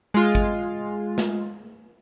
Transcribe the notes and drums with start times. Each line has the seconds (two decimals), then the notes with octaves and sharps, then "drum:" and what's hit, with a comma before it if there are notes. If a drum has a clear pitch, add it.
0.14 G#3 F4
0.35 drum: kick G#1
1.18 drum: snare